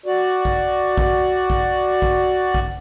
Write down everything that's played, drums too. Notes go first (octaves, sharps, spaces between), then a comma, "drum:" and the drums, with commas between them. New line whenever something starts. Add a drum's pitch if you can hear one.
F#4 D5
drum: kick
drum: kick
drum: kick
drum: kick
drum: kick